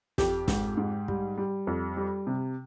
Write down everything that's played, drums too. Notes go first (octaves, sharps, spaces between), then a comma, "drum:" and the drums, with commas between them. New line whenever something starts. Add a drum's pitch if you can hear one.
F2 G4, drum: snare
G#2, drum: snare
G#2
G3, drum: kick
G3
F2
G3
C3